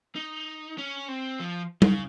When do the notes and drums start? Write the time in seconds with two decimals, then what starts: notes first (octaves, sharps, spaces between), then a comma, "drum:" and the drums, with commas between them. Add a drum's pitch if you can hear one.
0.16 D#4
0.78 C#4
1.08 C4
1.40 F3
1.82 C#3, drum: tom G3